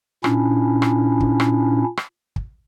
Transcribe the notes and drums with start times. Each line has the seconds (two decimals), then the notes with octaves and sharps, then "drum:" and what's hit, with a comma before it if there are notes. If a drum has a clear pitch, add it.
0.24 A#2 C#4 D4 E4, drum: rim click
0.82 drum: rim click
1.20 drum: kick
1.40 drum: rim click
1.97 drum: rim click
2.36 drum: kick